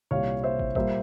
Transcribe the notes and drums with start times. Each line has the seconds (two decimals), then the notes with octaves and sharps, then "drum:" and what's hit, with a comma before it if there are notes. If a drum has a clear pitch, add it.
0.11 C2 A#2 G3 C#5 F5
0.43 C5 E5
0.59 drum: kick
0.75 A#2 G3 A#3 C5 E5, drum: kick